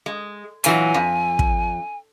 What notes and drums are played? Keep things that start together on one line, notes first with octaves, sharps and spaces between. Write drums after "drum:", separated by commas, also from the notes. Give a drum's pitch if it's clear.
G#3
A#2 E3 F#3 G#5, drum: hi-hat
F2
drum: kick